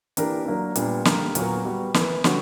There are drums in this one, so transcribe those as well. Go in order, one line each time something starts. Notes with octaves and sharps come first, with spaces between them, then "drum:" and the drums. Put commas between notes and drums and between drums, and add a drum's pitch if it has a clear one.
E3 A#3 D4 G4 A#4, drum: hi-hat
F#3 A#3 D4
A#2 G3 B3 D4, drum: hi-hat
D3 G3 A#3, drum: snare
A#2 F#3 B3 F#4 A#4, drum: hi-hat
G3 B3 F#4
E3 B3 E4 A#4, drum: snare
D3 G3 C#4 F#4 B4, drum: snare